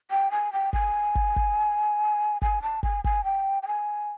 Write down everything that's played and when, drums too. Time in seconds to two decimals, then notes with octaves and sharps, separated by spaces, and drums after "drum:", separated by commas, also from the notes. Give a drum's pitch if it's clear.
0.11 G5
0.31 G#5
0.53 G5
0.73 G#5, drum: kick
1.15 drum: kick
1.36 drum: kick
2.42 G#5, drum: kick
2.62 A5
2.83 G#5, drum: kick
3.04 G#5, drum: kick
3.24 G5
3.63 G5
3.67 G#5